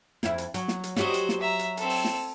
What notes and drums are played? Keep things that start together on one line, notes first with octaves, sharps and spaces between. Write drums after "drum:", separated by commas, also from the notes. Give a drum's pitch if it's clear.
F2 E4, drum: snare
drum: hi-hat
F#3, drum: hi-hat
drum: snare
drum: hi-hat
F#3 F#4 G4 C5 D#5, drum: snare
drum: hi-hat
drum: snare
E5 A#5
drum: hi-hat
C4 A4, drum: hi-hat
drum: open hi-hat
drum: snare